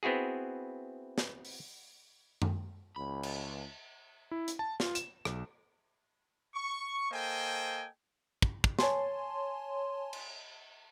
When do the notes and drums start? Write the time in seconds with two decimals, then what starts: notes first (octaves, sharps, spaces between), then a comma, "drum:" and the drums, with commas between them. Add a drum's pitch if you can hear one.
0.03 B3 C4 E4 F#4 G#4
1.18 drum: snare
1.45 drum: open hi-hat
2.42 drum: tom F#2
2.96 C#2 B5
3.23 drum: cymbal
4.31 E4
4.48 drum: hi-hat
4.59 A5
4.80 F4, drum: snare
4.95 E7, drum: hi-hat
5.25 B1, drum: rim click
6.55 C#6
7.11 A#3 A4 C5 D#5 G5 G#5
8.42 drum: kick
8.64 drum: kick
8.79 C#5 G#5 A5 C6, drum: snare
10.13 drum: cymbal